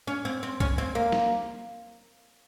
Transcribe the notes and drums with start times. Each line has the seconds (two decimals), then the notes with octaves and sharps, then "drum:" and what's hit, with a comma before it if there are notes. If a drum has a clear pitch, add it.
0.07 C#4
0.25 C4
0.43 C4
0.60 C#4, drum: kick B1
0.78 C4
0.95 A#3
1.12 drum: snare